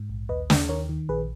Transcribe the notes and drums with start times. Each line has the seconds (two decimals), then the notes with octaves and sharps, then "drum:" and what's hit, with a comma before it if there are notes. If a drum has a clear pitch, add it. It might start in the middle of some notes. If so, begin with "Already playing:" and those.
Already playing: G#2
0.10 A#1
0.29 D#2 B4 D#5
0.50 D#2, drum: snare
0.69 D#3 A#4 C#5
0.89 D#3
1.09 A#1 G#4 B4